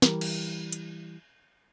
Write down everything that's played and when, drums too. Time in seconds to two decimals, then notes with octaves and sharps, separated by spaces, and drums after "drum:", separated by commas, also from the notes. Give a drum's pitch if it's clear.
0.02 E3 G3 A#4, drum: snare
0.21 drum: cymbal
0.72 drum: hi-hat